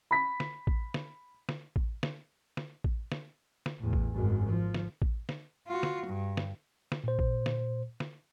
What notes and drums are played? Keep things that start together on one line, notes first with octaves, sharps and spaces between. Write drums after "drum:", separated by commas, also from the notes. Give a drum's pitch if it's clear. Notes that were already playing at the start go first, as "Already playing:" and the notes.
B5 B6
drum: snare
drum: kick A1
drum: snare
drum: snare
drum: kick A1
drum: snare
drum: snare
drum: kick A1
drum: snare
drum: snare
E2 A2
drum: kick A1
G#1 F#2
F3
drum: snare
drum: kick A1
drum: snare
F4 F#4
drum: snare
G2
drum: snare
drum: snare
A#2 C5
drum: kick A1
drum: snare
drum: snare